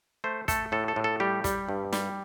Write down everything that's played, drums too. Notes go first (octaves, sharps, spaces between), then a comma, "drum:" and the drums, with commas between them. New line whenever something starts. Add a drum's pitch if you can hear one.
A3 C5
A3 A4, drum: kick, hi-hat
A2 A4
A4
A2
A4
G3 G4
G3, drum: kick, hi-hat
G2
G3, drum: snare